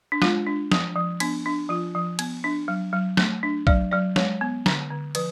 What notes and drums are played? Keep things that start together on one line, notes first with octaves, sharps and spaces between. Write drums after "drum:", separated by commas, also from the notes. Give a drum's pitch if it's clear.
D4
G#3 F4, drum: snare
D4
F3, drum: snare
F3
B3 D4, drum: cymbal
D4
F3 F4
F3
B3, drum: cymbal
D4
F#3
F#3
A3, drum: snare
D4
F#3 D5, drum: kick
F#3 D5
G#3 C#5, drum: snare
B3
D3, drum: snare
D3
F3 B4, drum: cymbal